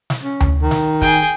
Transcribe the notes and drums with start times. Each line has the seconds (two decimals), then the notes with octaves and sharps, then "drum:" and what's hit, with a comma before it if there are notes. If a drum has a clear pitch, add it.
0.10 drum: snare
0.23 C#4
0.40 drum: tom D2
0.62 D#3
0.71 drum: snare
1.02 G#4 G5, drum: kick, hi-hat